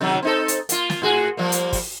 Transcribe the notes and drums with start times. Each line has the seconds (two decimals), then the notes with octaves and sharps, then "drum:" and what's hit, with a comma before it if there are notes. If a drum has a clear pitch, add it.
0.01 C3 D#3 F#3
0.23 C4 D#4 A4
0.48 drum: hi-hat
0.69 A#3 F4, drum: hi-hat
0.90 drum: snare
1.02 A2 F#4 G#4
1.37 F3 G3 A#3
1.52 drum: hi-hat
1.73 drum: kick, open hi-hat